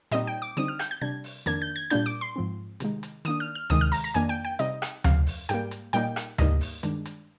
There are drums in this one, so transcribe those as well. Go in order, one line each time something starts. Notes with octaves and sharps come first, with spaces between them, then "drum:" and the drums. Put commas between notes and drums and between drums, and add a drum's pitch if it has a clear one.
A#2 G3 C4 D#4 D#5, drum: hi-hat
G5
D6
D3 G3 C4 D#4 D#6, drum: hi-hat
F6
G6, drum: rim click
G6
C3 G3 D4 G#6
drum: open hi-hat
F2 D#3 A#3 D4 G#6, drum: hi-hat
G6
G#6
A#2 G3 A#3 D4 G6, drum: hi-hat
D6
C6
G#2 F3 C4
C3 D#3 G#3 D#4, drum: hi-hat
drum: hi-hat
D#3 A#3 D4 D#6, drum: hi-hat
F6
F6
C3 D#3 G#3 D#6, drum: tom D2
F6
A#5, drum: open hi-hat
A#5
F2 D#3 A#3 D4 G#5, drum: hi-hat
G5
G5
C3 G3 C4 D#4 D#5, drum: hi-hat
drum: rim click
F2 C3 F3 F5, drum: tom D2
drum: open hi-hat
G#2 G3 A#3 G5, drum: hi-hat
drum: hi-hat
A#2 G3 A#3 D#4 G5, drum: hi-hat
drum: rim click
G#2 G3 A#3 D#4 D#5, drum: tom D2
drum: open hi-hat
G2 D#3 G#3 D4, drum: hi-hat
drum: hi-hat